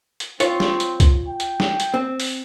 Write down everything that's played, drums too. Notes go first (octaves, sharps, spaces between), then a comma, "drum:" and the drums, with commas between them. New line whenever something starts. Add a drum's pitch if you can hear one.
drum: hi-hat
C4 F4 C#5, drum: hi-hat
drum: snare
drum: hi-hat
drum: kick, hi-hat
G5
drum: hi-hat
drum: snare
drum: hi-hat
C4
drum: open hi-hat